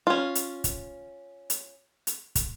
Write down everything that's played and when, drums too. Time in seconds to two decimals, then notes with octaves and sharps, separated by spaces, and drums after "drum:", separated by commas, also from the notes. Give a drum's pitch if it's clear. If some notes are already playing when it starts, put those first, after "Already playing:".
0.07 C#4 F4
0.35 drum: hi-hat
0.64 drum: kick, hi-hat
1.50 drum: hi-hat
2.07 drum: hi-hat
2.35 drum: kick, hi-hat